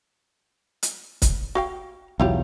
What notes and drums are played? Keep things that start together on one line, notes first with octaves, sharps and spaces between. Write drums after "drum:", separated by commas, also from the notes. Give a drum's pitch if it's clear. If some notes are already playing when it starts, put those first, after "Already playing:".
drum: hi-hat
drum: kick, hi-hat
F#4 F5 G5
B1 E2 F#3 E4 F4 G4